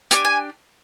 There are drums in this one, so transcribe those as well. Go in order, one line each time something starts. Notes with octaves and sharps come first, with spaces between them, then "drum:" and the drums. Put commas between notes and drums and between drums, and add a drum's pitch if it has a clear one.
D4 G4 G#5, drum: hi-hat
G#5